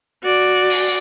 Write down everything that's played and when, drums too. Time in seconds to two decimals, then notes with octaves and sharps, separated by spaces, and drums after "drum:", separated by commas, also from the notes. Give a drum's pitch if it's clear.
0.24 F#4 D5
0.70 drum: cymbal